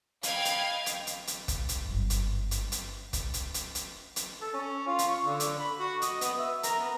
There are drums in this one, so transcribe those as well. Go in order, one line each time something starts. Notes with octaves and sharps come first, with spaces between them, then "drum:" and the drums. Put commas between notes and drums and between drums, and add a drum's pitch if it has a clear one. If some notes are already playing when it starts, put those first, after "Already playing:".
D#5 F5 G5 B5 G#6, drum: hi-hat
drum: hi-hat
drum: hi-hat
drum: hi-hat
drum: hi-hat
drum: kick, hi-hat
drum: hi-hat
G1 F#2
drum: hi-hat
drum: hi-hat
drum: hi-hat
drum: kick, hi-hat
drum: hi-hat
drum: hi-hat
drum: hi-hat
drum: hi-hat
A4
C#4
F4
drum: hi-hat
C#6
D3
drum: hi-hat
B5
F#4
D#5, drum: hi-hat
B3, drum: hi-hat
E5
A#4, drum: hi-hat
B3